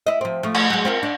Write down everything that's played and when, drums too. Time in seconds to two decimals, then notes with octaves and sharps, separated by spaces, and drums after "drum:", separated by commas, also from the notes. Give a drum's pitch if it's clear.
0.06 E4 D#5
0.21 F3 C4
0.43 F3 A3
0.54 drum: cymbal
0.70 F#3 G#3
0.85 C4 F4 A#4
1.03 D4